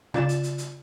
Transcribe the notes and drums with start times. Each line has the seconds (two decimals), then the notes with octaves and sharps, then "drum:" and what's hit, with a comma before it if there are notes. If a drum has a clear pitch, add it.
0.14 C#3 F4 D5 A6 E7, drum: rim click
0.29 drum: hi-hat
0.43 drum: hi-hat
0.58 drum: hi-hat